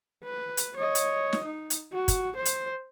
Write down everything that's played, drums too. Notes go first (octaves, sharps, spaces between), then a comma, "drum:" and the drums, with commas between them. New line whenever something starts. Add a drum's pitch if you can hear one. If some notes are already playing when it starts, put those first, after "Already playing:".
B4
drum: hi-hat
C#5 D#5
drum: hi-hat
drum: snare
D#4
drum: hi-hat
F#4
drum: kick, hi-hat
C5
drum: hi-hat